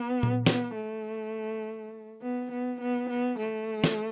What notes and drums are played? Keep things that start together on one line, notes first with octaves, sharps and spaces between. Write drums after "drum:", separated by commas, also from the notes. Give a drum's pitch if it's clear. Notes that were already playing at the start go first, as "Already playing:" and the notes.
Already playing: B3
drum: tom A#2
B3, drum: snare
A3
B3
B3
B3
B3
A3
drum: snare